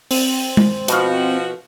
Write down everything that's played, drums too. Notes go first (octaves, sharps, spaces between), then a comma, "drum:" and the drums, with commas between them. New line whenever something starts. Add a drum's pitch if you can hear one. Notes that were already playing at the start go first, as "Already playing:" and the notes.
C4, drum: open hi-hat
drum: tom G#3
B2 F3 F#4 F5, drum: hi-hat